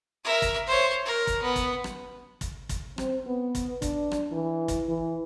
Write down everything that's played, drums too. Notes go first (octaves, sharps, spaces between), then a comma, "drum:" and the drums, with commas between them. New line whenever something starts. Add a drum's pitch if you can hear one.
A#4 E5
drum: kick, hi-hat
C5 C#5
A#4
drum: kick, hi-hat
B3
drum: kick, hi-hat
drum: rim click
drum: kick, hi-hat
drum: kick, hi-hat
C4, drum: rim click
B3
drum: kick, hi-hat
D4, drum: kick, hi-hat
drum: rim click
E3
drum: kick, hi-hat
E3